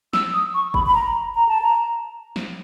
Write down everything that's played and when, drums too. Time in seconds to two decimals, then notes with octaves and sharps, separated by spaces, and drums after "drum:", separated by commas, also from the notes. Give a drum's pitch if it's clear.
0.13 E6, drum: snare
0.34 D#6
0.54 C#6
0.74 B5, drum: kick
0.86 B5
0.95 A#5
1.35 A#5
1.49 A5
1.62 A#5
2.36 drum: snare